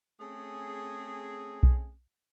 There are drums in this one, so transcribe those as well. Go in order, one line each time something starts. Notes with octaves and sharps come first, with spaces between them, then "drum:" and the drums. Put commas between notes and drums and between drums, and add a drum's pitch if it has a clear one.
A3 C4 C#4 G#4
drum: kick B1